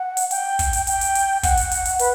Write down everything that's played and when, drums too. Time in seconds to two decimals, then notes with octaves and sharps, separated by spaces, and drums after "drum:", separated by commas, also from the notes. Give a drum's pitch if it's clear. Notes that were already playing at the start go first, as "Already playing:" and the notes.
Already playing: F#5
0.17 drum: hi-hat
0.31 G5, drum: hi-hat
0.59 drum: kick, hi-hat
0.73 drum: hi-hat
0.87 G5, drum: hi-hat
1.01 drum: hi-hat
1.15 drum: hi-hat
1.43 F#5, drum: kick, hi-hat
1.57 drum: hi-hat
1.71 drum: hi-hat
1.85 drum: hi-hat
1.99 B4, drum: hi-hat